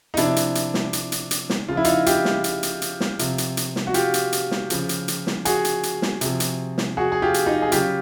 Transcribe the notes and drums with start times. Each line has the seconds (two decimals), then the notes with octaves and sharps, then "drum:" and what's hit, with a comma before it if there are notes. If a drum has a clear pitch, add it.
0.14 D#4
0.17 C3 F3 D4 E4, drum: hi-hat
0.36 drum: hi-hat
0.55 drum: hi-hat
0.74 drum: snare
0.93 drum: hi-hat
1.12 drum: hi-hat
1.31 drum: hi-hat
1.50 drum: snare
1.68 C#3 F3 F4
1.77 E4
1.84 D#4 F4, drum: hi-hat
2.06 F4 G4, drum: hi-hat
2.25 drum: snare
2.44 drum: hi-hat
2.63 drum: hi-hat
2.82 drum: hi-hat
3.00 drum: snare
3.19 C3 F3, drum: hi-hat
3.38 drum: hi-hat
3.57 drum: hi-hat
3.76 drum: snare
3.87 F#4
3.94 F4 G4, drum: hi-hat
4.14 drum: hi-hat
4.32 drum: hi-hat
4.51 drum: snare
4.70 C#3 F3, drum: hi-hat
4.89 drum: hi-hat
5.08 drum: hi-hat
5.27 drum: snare
5.45 F#4 G#4, drum: hi-hat
5.65 drum: hi-hat
5.83 drum: hi-hat
6.02 drum: snare
6.21 C3 F3, drum: hi-hat
6.40 drum: hi-hat
6.78 drum: snare
6.97 F#4 G#4
7.12 G#4
7.22 F4 G4
7.34 drum: hi-hat
7.46 D#4 F4
7.62 G#4
7.72 C#3 F#3 F4 G4, drum: hi-hat